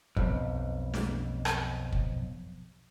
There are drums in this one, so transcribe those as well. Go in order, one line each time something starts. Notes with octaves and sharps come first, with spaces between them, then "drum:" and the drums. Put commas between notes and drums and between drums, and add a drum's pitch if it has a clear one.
B1 F2, drum: kick
drum: snare
drum: rim click
drum: kick